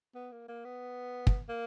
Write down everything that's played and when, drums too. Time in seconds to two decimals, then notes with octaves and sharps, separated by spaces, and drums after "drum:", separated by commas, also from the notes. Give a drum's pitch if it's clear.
0.15 B3
0.32 A#3
0.48 A#3
0.65 B3
1.27 drum: kick
1.49 A#3